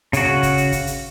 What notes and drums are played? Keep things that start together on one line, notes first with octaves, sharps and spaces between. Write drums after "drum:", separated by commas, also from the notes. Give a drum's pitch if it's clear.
C#3 F#4, drum: hi-hat
drum: kick, hi-hat
drum: hi-hat
drum: kick, hi-hat
drum: hi-hat